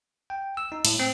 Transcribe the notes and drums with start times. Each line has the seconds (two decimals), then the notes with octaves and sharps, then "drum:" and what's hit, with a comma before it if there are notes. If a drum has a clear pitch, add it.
0.30 G5
0.57 E6
0.72 D#4
0.85 A2, drum: cymbal
1.00 C4